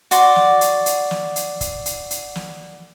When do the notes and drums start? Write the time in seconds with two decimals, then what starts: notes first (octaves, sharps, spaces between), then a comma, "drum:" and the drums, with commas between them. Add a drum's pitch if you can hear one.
0.11 F#4 D5 C6, drum: hi-hat
0.36 drum: snare
0.61 drum: hi-hat
0.86 drum: hi-hat
1.11 drum: snare
1.36 drum: hi-hat
1.61 drum: kick, hi-hat
1.86 drum: hi-hat
2.11 drum: hi-hat
2.35 drum: snare